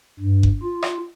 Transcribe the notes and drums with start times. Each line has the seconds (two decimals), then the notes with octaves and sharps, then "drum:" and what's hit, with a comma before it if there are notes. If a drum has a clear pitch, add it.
0.19 G2
0.43 drum: kick F#1
0.63 F4
0.82 drum: rim click